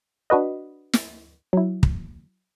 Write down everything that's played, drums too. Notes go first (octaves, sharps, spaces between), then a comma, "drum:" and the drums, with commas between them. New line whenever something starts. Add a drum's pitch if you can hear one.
D4 F#4 B4 D#5
drum: snare
F#3 E4
drum: kick